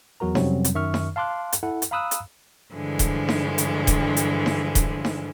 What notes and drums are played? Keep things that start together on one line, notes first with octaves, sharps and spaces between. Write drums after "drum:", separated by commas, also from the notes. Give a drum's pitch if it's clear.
E2 F#3 F#4 A#4 A#5
F2 C3 F#3 G3 C4 C#4, drum: snare D#4
drum: hi-hat
F#2 D#3 E5 C#6 F6
drum: snare D#4
F5 A5 C6 D6 F#6
drum: hi-hat
E4 A4 F#5
drum: hi-hat
F5 A#5 B5 D#6 E6 F#6
drum: hi-hat
G2 D3 E3 F3 G#3
drum: kick D#1, hi-hat
drum: snare D#4
drum: hi-hat
drum: kick D#1, hi-hat
drum: hi-hat
drum: snare D#4
drum: kick D#1, hi-hat
drum: snare D#4